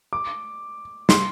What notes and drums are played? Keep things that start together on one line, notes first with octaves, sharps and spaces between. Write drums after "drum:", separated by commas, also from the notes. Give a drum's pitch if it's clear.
D6
C6, drum: snare